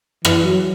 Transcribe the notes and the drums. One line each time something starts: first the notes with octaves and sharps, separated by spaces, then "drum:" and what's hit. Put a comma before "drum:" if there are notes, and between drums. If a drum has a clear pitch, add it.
E3, drum: rim click
F#3